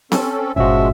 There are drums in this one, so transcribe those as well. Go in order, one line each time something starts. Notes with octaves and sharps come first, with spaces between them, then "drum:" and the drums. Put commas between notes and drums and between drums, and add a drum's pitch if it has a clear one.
C4 C#4 A4, drum: snare C4
G1 A#2 F3 G#3 C#4 F#4 E5